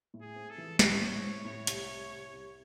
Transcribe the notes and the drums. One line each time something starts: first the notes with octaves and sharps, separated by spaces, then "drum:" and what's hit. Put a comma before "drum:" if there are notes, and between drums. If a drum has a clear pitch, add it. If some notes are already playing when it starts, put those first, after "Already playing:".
A2
G#4
C4
A4
E3
A2 C#5, drum: snare
A2
C4
A2
C2, drum: hi-hat
C2
C3
C2